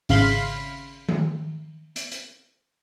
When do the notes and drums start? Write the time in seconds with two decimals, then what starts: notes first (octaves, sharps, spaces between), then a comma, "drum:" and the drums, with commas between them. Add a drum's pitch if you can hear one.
0.09 G#1 C#3 F5 B5 C6, drum: open hi-hat
1.09 drum: tom D#3
1.96 drum: hi-hat
2.11 drum: hi-hat